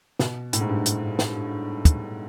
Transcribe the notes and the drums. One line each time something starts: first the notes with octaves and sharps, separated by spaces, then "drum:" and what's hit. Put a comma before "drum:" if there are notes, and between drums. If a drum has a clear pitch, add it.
B2, drum: snare
A2, drum: hi-hat
G#2
G2
drum: hi-hat
drum: snare
drum: kick, hi-hat